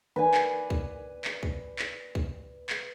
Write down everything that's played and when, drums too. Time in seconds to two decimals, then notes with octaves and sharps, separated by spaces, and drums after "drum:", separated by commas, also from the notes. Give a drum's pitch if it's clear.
0.16 B4 D5 G#5
0.34 drum: clap
0.70 drum: kick
1.25 drum: clap
1.43 drum: kick
1.79 drum: clap
2.15 drum: kick
2.69 drum: clap